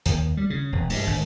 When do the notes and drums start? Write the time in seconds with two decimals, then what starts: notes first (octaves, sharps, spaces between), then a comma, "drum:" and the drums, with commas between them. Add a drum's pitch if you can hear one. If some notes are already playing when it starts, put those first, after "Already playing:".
0.06 D#2, drum: hi-hat
0.37 G3
0.50 C#3
0.72 E1
0.90 G2, drum: open hi-hat
1.07 G#1